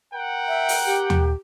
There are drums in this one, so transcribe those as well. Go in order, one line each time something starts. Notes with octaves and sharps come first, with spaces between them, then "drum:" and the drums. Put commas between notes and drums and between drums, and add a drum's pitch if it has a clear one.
A#4 F#5 G5
E5
drum: open hi-hat
G4
drum: tom D#2